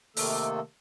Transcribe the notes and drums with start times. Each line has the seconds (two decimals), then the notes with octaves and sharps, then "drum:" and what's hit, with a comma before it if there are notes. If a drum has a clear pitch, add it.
0.17 C3 D#3 A3 A#3 A4, drum: open hi-hat